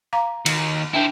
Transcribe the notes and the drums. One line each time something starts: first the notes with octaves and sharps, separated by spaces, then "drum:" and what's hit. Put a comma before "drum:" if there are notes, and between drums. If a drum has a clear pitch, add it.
F5 A#5 D6
D#2, drum: cymbal
D4 E4 C5 E5 G5